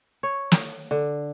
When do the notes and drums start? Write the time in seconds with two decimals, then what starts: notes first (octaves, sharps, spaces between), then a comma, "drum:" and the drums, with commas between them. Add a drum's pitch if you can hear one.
0.23 C#5
0.52 drum: snare
0.91 D3